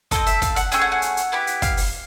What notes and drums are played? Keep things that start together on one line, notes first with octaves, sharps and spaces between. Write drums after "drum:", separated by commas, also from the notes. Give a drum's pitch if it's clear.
C4 F4 A4 D#5, drum: kick, hi-hat
E5, drum: hi-hat
F5, drum: kick, hi-hat
F#5, drum: hi-hat
A3 C#4 G#4 G5, drum: hi-hat
F#5
F#5
drum: hi-hat
drum: hi-hat
B3 E4 G4
drum: hi-hat
F5, drum: kick, hi-hat
drum: open hi-hat